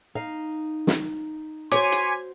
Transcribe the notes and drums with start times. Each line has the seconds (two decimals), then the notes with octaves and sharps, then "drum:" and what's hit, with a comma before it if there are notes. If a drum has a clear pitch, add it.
0.15 D#4 F5
0.87 drum: snare
1.72 F#4 C5 C#5 G#5 C6 D6 B6, drum: hi-hat
1.92 drum: hi-hat